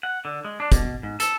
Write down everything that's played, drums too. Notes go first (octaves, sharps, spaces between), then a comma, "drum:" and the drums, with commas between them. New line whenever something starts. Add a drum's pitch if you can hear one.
F#5
D3
G#3
D4
B2, drum: kick, hi-hat
G#2
A4, drum: hi-hat